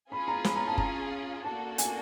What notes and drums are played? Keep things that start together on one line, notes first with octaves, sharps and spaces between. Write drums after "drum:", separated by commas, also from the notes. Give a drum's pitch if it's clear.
C#4 F4 G#4 B5
A#5
B5, drum: snare
A#5
A5
A#5, drum: kick F#1
A#3 D4 F#4 A4 A5
G#5, drum: hi-hat